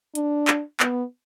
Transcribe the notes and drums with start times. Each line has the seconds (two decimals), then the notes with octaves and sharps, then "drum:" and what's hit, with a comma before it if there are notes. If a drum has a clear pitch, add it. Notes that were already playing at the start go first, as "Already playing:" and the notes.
0.15 D4, drum: hi-hat
0.48 drum: clap
0.80 B3, drum: clap